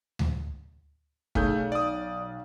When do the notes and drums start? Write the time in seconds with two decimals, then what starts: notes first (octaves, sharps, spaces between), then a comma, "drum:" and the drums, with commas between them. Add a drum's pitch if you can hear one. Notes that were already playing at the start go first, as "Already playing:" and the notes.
0.19 drum: tom D2
1.35 B1 A3 G#4 G6, drum: kick
1.72 D5 D#6